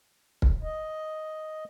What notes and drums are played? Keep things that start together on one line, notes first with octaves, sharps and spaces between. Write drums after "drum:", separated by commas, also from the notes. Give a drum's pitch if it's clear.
drum: kick
D#5